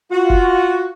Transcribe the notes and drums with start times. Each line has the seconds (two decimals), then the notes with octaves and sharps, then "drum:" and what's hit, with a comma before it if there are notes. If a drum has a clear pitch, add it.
0.11 F4 F#4
0.30 drum: kick